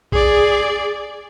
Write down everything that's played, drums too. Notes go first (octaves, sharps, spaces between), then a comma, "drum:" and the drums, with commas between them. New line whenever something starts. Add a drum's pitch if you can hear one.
G#4 D5, drum: kick A#1